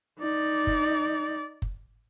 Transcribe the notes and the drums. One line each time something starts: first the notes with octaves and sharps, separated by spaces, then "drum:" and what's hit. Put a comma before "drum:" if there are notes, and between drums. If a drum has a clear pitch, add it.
D#4 D5
drum: kick F#1
drum: kick F#1